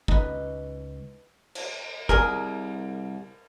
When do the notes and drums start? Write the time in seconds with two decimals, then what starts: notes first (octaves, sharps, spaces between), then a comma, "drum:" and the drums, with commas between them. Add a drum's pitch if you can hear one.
0.08 C#2 D#4 B4, drum: kick
1.55 drum: cymbal
2.09 C2 G#4 A#4, drum: kick